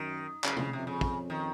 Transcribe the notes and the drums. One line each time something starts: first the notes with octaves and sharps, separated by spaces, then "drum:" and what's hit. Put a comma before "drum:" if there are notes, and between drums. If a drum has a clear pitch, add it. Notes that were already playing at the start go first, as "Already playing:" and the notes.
Already playing: F#2 D#3
F#2 C#3, drum: clap
F2 C#3, drum: tom C3
F2 C3
C#3
drum: kick
D#3